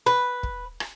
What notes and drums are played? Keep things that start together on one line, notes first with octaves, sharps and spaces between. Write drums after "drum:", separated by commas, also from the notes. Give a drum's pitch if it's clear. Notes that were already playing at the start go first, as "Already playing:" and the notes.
B4
drum: kick
drum: rim click